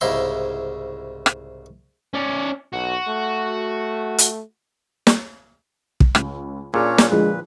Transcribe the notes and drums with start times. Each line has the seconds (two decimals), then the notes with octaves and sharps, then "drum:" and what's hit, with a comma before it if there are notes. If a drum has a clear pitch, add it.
0.01 C2 G#2 C#3 E4 C6
1.26 drum: rim click
2.14 C#4 D5
2.73 B1 F#4
3.08 A3
4.18 drum: hi-hat
5.07 drum: snare
6.00 drum: kick
6.15 C#2, drum: rim click
6.74 A#2 C#4 D4 G#4 C#5
6.98 drum: snare
7.11 D3 F3 G#3 G#4 B4